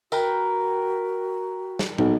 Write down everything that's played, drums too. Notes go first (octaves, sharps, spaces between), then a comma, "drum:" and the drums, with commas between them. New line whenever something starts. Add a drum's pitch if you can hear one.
F#4 A#4 B4 G5, drum: tambourine
drum: snare
B1 B3 D#5, drum: tom